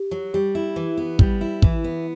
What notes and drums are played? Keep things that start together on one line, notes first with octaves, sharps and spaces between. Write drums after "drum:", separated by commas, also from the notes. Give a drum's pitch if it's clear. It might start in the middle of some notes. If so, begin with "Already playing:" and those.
Already playing: G4
F#3
G3 G4
E4
E3
B3
G3, drum: kick
E4
E3, drum: kick
B3